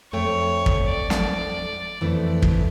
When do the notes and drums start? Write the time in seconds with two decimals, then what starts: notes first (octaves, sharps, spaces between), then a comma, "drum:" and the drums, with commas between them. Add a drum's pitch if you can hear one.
0.13 F2 A3 C#5 G5
0.66 drum: kick
0.88 D5
1.10 drum: snare
2.01 F2 E3 A3
2.42 drum: kick